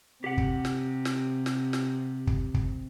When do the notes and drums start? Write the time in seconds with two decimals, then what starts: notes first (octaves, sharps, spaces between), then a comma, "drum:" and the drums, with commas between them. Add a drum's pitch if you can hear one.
0.24 C3 G4 F#5
0.38 drum: kick
0.65 drum: snare
1.05 drum: snare
1.46 drum: snare
1.73 drum: snare
2.27 drum: kick
2.54 drum: kick